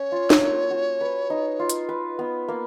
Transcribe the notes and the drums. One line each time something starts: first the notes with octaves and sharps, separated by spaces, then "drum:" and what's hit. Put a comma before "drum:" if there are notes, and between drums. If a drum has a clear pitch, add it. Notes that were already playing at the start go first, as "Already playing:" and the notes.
Already playing: C#4 C#5
F4
drum: snare
A#3
F#4
B4
D#4
F4
drum: hi-hat
B4
B3
A#3